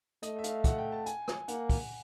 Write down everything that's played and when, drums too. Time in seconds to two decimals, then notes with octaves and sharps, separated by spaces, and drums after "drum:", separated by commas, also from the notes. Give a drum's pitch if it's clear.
0.23 A3 D#5, drum: hi-hat
0.39 E5
0.44 F5, drum: hi-hat
0.64 F#5, drum: kick, hi-hat
0.78 G5
0.92 A5
1.06 G#5, drum: hi-hat
1.28 drum: rim click
1.48 A#3 F#5, drum: hi-hat
1.70 drum: kick, open hi-hat